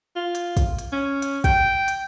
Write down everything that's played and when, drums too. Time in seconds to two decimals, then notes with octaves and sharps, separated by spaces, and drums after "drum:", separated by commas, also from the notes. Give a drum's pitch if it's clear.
0.16 F4
0.35 drum: hi-hat
0.57 drum: kick, hi-hat
0.79 drum: hi-hat
0.92 C#4
1.22 drum: hi-hat
1.44 G5, drum: kick, hi-hat
1.88 drum: hi-hat